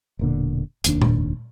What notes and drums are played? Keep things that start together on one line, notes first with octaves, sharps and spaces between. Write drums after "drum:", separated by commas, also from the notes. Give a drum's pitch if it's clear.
E1 A#2 D3
F1 D#2 D4, drum: hi-hat
drum: tom A#2